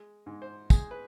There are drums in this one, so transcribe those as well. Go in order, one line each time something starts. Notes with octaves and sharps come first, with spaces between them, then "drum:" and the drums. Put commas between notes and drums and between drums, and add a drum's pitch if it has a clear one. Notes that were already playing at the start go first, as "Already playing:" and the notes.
Already playing: G#3
G#2
C5
G#3 G#4, drum: kick, tambourine
B4